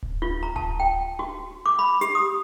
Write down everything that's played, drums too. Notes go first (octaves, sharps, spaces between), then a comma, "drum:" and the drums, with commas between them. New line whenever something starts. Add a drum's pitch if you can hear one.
drum: kick D1
F4
A#5
A5, drum: kick D1
G5
F#4
D6
B5
G4, drum: hi-hat
D#6